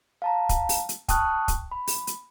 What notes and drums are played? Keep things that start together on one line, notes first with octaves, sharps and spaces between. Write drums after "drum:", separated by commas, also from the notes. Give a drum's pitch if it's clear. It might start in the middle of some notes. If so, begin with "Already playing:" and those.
F5 A5 A#5
drum: kick, hi-hat
drum: open hi-hat
drum: hi-hat
G5 A5 C#6 D#6 F6 F#6, drum: kick, hi-hat
drum: kick, hi-hat
B5
drum: open hi-hat
drum: hi-hat